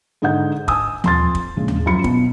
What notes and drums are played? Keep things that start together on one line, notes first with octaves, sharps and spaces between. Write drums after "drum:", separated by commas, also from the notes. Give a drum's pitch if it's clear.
G#2 D3 D#4 D#5 F#5 G6
G#5 A5 D#6 E6, drum: kick
F2 C6 A6, drum: tom D#2
drum: kick
A#1 C#3 G#3
drum: tom D#2
F#2 F3 F#3 B5 C#7
B2, drum: kick